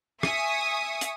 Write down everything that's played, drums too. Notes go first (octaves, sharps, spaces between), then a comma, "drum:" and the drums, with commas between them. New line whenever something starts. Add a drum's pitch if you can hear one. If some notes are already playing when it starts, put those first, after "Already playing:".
E5 G#5 C#6 D#6, drum: rim click
drum: hi-hat